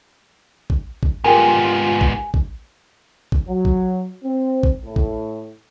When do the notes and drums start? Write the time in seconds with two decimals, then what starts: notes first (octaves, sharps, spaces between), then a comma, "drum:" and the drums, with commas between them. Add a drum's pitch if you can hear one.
0.70 drum: kick A1
1.03 drum: kick A1
1.24 G#2 B3 F4 G4 G#4 A#4 G#5
2.01 drum: kick A1
2.34 drum: kick A1
3.32 drum: kick A1
3.49 F#3
3.65 drum: kick A1
4.23 C4
4.63 drum: kick A1
4.84 A2
4.96 drum: kick A1